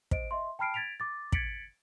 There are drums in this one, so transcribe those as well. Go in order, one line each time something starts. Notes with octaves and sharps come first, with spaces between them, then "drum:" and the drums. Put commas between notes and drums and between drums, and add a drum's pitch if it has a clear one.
C5 D#5 D7, drum: kick
D#5 E5 C6
G5 A5 B5 F6 C7 D7
G#6 A6 B6 D7 F7
D6 A6
G#6 A6 B6 C#7 D7 F#7, drum: kick